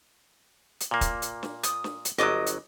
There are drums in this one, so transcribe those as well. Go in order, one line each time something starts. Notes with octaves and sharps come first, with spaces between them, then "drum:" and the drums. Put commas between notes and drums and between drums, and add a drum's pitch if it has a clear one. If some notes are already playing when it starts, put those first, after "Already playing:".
drum: hi-hat
A#2 A#3
drum: kick, hi-hat
drum: hi-hat
drum: snare
D#6, drum: hi-hat
drum: snare
drum: hi-hat
G1 F#3 D#5 D6 D#6
drum: hi-hat